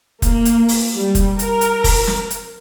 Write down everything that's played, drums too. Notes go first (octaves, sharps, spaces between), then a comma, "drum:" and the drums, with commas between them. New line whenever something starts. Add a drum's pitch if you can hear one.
A#3, drum: kick F1, hi-hat
drum: hi-hat
drum: open hi-hat
G3
drum: kick F1, hi-hat
A#4, drum: hi-hat
drum: hi-hat
drum: kick F1, open hi-hat
drum: snare
drum: hi-hat